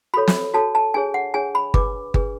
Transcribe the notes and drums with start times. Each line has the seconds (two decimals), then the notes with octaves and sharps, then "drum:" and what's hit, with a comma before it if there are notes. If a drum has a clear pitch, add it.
0.14 F#4 A4 C#5 B5
0.28 drum: snare
0.54 F#4 A4 C#5 A5
0.75 A5
0.94 D4 G#4 C#5 G#5
1.14 F#5
1.34 D4 G#4 C#5 G#5
1.55 B5
1.74 D4 G#4 B4 D6, drum: kick G1
2.14 D4 G#4 B4, drum: kick G1